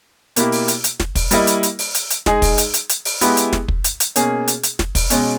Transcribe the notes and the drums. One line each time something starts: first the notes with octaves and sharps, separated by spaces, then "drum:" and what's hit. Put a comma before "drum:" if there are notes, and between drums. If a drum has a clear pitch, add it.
B2 A#3 E4 G4, drum: hi-hat
drum: open hi-hat
drum: hi-hat
drum: hi-hat
drum: snare
drum: kick, open hi-hat
G3 A#3 E4 A#4 D#5, drum: hi-hat
drum: hi-hat
drum: hi-hat
drum: open hi-hat
drum: hi-hat
drum: hi-hat
G#3 D#4 G#4, drum: snare
drum: kick, open hi-hat
drum: hi-hat
drum: hi-hat
drum: hi-hat
drum: open hi-hat
G#3 B3 E4 G4, drum: hi-hat
drum: hi-hat
drum: snare
drum: kick
drum: hi-hat
drum: hi-hat
B2 A#3 C#4 G#4, drum: hi-hat
drum: hi-hat
drum: hi-hat
drum: snare
drum: kick, open hi-hat
B2 G#3 C#4, drum: hi-hat